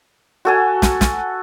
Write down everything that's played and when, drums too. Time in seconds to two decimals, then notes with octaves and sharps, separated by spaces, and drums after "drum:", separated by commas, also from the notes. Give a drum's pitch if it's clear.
0.45 F#4 A4 G#5
0.82 drum: snare
1.01 drum: snare